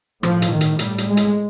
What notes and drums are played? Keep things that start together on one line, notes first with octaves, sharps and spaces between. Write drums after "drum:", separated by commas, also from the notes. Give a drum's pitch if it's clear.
A2 F3, drum: rim click
drum: hi-hat
D#3
drum: hi-hat
A2 G3, drum: hi-hat
drum: hi-hat
G#3
drum: hi-hat